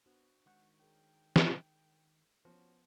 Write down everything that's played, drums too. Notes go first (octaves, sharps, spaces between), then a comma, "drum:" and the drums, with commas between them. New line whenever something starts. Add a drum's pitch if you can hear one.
B3 D4 F#4 C5
D#3 G#3 F#5 C#6 G6
G#4 A#4 C#5 G5
drum: snare
F3 B3 C#4 F#4 B4